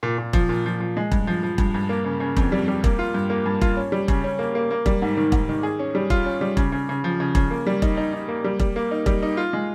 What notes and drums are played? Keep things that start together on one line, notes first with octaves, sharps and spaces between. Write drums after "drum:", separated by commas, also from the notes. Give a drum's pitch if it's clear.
A#2
A#2
F3, drum: kick E1
A#2
F3
F3
G#3
G2, drum: kick E1
F3
F3
G2, drum: kick E1
G2
A#3
C#3
C#3
F2, drum: kick E1
G3
G3
A#3, drum: kick E1
F4
G2
A#3
G2
F4, drum: kick E1
C#4
G3
C#3, drum: kick E1
C#4
A#3
A#3
A#3
G3, drum: kick E1
G#2
D#3
G#2, drum: kick E1
D#3
G#4
C#4
G3
F4, drum: kick E1
C#4
G3
C#3, drum: kick E1
C#3
C#3
F3
C#3
C#3, drum: kick E1
A#3
G3
D#4, drum: kick E1
D#4
D#4
A#3
G3
G3, drum: kick E1
A#3
D#4
G3, drum: kick E1
D#4
F4
G#3